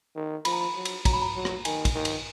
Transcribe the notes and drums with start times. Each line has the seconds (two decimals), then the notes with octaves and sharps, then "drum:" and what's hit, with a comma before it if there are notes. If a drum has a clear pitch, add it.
0.16 D#3
0.45 F3 B5, drum: cymbal
0.53 A#5
0.61 B5
0.76 F#3
0.85 drum: cymbal
1.05 F#3 A#5, drum: kick, cymbal
1.13 B5
1.22 A#5
1.35 F#3
1.45 drum: rim click
1.65 D#3 G#5, drum: cymbal
1.85 drum: kick, cymbal
1.95 D#3
2.05 drum: cymbal